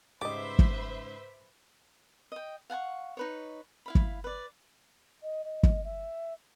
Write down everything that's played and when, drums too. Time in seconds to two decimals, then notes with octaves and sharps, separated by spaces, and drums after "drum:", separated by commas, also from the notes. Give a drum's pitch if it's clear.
0.21 G#2 C#3 G3 B4 C5 D#5 E5 D6
0.59 drum: kick
2.32 D#5 G5
2.70 F5 F#5 G#5 C#6
3.17 D#4 B4 C#5
3.86 E4 F5 B5
3.95 drum: kick
4.24 B4 D5
5.22 D#5
5.44 D#5
5.63 drum: kick
5.84 E5